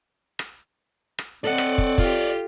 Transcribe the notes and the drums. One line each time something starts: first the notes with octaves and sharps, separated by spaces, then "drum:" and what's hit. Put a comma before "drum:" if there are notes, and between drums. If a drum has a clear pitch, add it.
drum: rim click
drum: rim click
C4 A4 D5 D#5 F#5
drum: rim click
drum: kick
F4 G4, drum: kick